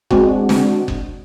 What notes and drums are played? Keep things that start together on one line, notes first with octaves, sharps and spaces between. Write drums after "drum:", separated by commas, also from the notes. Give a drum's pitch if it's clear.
G#3 C4 D4 F#4, drum: kick F#1
drum: snare
drum: kick F#1